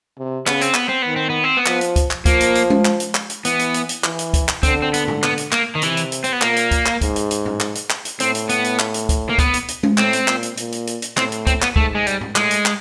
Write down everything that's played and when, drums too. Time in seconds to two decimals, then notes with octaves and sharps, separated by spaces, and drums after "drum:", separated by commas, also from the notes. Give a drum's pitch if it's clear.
0.18 C3
0.47 C#3 B3, drum: clap
0.61 C4, drum: hi-hat
0.74 B3, drum: clap
0.89 C4
1.02 D#3 B3
1.16 C4
1.30 B3
1.44 C4
1.57 B3
1.66 F3, drum: clap
1.81 drum: hi-hat
1.96 drum: kick, hi-hat
2.11 drum: clap
2.25 F3 A#3, drum: kick, hi-hat
2.40 drum: hi-hat
2.55 drum: hi-hat
2.70 drum: tom G#3
2.85 drum: clap
3.00 drum: hi-hat
3.15 drum: clap
3.30 drum: hi-hat
3.45 E3 B3, drum: hi-hat
3.59 drum: hi-hat
3.74 drum: hi-hat
3.89 drum: hi-hat
4.04 E3, drum: clap
4.19 drum: hi-hat
4.34 drum: kick, hi-hat
4.48 drum: clap
4.63 D3 C4, drum: kick, hi-hat
4.82 C4
4.94 B3, drum: hi-hat
5.08 drum: tom
5.23 B3, drum: clap
5.38 drum: hi-hat
5.52 A#3, drum: clap
5.75 D#3
5.82 C3 E3, drum: hi-hat
5.97 drum: hi-hat
6.12 drum: hi-hat
6.24 C4, drum: hi-hat
6.33 B3
6.42 A#2 A#3, drum: clap
6.56 drum: hi-hat
6.71 drum: kick, hi-hat
6.86 drum: clap
7.01 G#2, drum: kick, hi-hat
7.16 drum: hi-hat
7.31 drum: hi-hat
7.46 drum: tom
7.60 drum: clap
7.75 drum: hi-hat
7.90 drum: clap
8.05 drum: hi-hat
8.20 A2 C4, drum: hi-hat
8.35 drum: hi-hat
8.49 B3, drum: hi-hat
8.64 drum: hi-hat
8.79 drum: clap
8.94 drum: hi-hat
9.09 drum: kick, hi-hat
9.29 A#3
9.38 B3, drum: kick, hi-hat
9.54 drum: hi-hat
9.68 drum: hi-hat
9.83 drum: tom G#3
9.98 A2 C4, drum: clap
10.13 drum: hi-hat
10.28 A#2, drum: clap
10.43 drum: hi-hat
10.57 A#2, drum: hi-hat
10.72 drum: hi-hat
10.87 drum: hi-hat
11.02 drum: hi-hat
11.17 A2 C4, drum: clap
11.32 drum: hi-hat
11.47 C4, drum: kick, hi-hat
11.62 B3, drum: clap
11.76 G#2 A3, drum: kick
11.95 G#3
12.07 G3, drum: hi-hat
12.21 drum: tom
12.36 A2 G#3, drum: clap
12.51 drum: hi-hat
12.66 drum: clap